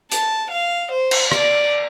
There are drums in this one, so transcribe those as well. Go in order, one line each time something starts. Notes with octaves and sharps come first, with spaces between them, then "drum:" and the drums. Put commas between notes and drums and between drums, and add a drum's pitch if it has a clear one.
A5, drum: hi-hat
F5
C5
drum: cymbal
D5, drum: rim click